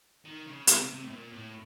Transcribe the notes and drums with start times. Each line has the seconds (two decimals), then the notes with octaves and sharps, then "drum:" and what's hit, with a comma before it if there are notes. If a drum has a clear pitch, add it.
0.25 D#3
0.46 C#3
0.67 C3, drum: hi-hat
0.89 C3
1.03 A2
1.11 A#2
1.33 A2